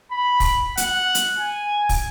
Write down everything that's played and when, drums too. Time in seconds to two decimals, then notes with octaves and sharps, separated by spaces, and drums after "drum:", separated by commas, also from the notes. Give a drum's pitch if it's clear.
0.11 B5
0.40 drum: kick, open hi-hat
0.77 F#5, drum: hi-hat
1.15 drum: hi-hat
1.38 G#5
1.89 drum: kick, open hi-hat